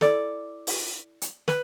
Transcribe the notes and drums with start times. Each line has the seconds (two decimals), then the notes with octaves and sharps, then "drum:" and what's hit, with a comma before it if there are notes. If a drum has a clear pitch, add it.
0.01 E4 A4 D5, drum: snare
0.67 drum: open hi-hat
1.22 drum: hi-hat
1.48 B4, drum: snare